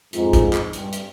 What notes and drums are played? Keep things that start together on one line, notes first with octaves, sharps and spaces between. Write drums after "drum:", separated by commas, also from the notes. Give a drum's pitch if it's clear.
F2 G#2, drum: hi-hat
drum: kick, hi-hat
drum: clap
G2, drum: hi-hat
drum: hi-hat